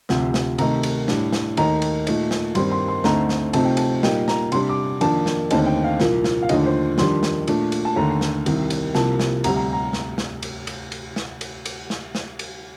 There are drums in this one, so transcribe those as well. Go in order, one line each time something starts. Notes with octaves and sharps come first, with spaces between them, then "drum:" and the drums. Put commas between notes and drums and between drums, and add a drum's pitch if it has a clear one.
D2 C3 F3, drum: snare
drum: snare
C3 D#3 A3 D#4 A#5, drum: cymbal
drum: cymbal
A2 G3 D4, drum: snare
drum: snare
D#2 D#3 A3 D#4 A#5, drum: cymbal
drum: cymbal
A#2 A3 D#4, drum: cymbal
drum: snare
G2 D#3 G3 C4 C6, drum: cymbal
C6
C6
D2 D3 A3 C4 D#4 A#5, drum: snare
drum: snare
C3 F3 A3 C4 D#4 A5, drum: cymbal
G5
A5, drum: cymbal
A#2 G3 A#3 D#4 G5, drum: snare
A#5, drum: snare
C3 G3 D4 C6, drum: cymbal
D6
F2 D#3 A#3 D4 A5, drum: cymbal
drum: snare
D#2 D3 A3 C4 D#4 A5, drum: cymbal
G5
F5
C2 A#2 F3 A#3, drum: snare
drum: snare
F5
D#2 D3 F3 A3 D4 D#5, drum: cymbal
C5
F2 D#3 G3 D4 C6, drum: snare
drum: snare
A#2 A3 D4, drum: cymbal
drum: cymbal
A5
D#2 D3 A3 A#5
drum: snare
C2 C3 D#3, drum: cymbal
drum: cymbal
C2 C3 F3 A#3 A5, drum: snare
drum: snare
D2 C3 G3 A#5, drum: cymbal
A#5
A#5
drum: snare
drum: snare
drum: cymbal
drum: cymbal
drum: cymbal
drum: snare
drum: cymbal
drum: cymbal
drum: snare
drum: snare
drum: cymbal